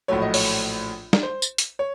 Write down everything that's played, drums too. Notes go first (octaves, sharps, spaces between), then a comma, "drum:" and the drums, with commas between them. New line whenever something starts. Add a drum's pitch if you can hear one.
A#1 A2 F#3 A3 C#5
D#5
C#5, drum: open hi-hat
drum: snare
C5
drum: tambourine
drum: hi-hat
C#5